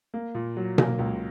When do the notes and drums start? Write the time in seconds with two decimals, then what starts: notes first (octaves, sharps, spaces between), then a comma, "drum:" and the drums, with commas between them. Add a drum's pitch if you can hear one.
0.14 A#3
0.35 A#2
0.57 F#3
0.78 A#3, drum: tom B2
0.99 C#2